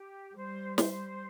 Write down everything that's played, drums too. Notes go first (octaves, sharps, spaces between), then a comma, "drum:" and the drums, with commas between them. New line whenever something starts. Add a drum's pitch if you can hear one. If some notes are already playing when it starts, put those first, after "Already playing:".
Already playing: G4
G3 C5
C5, drum: snare